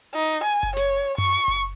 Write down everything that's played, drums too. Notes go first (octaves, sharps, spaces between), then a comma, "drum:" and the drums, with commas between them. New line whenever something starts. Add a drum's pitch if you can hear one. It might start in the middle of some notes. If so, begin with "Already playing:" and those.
D#4
G#5
drum: kick F#1
C#5, drum: snare
C#6, drum: tom F#2
drum: kick F#1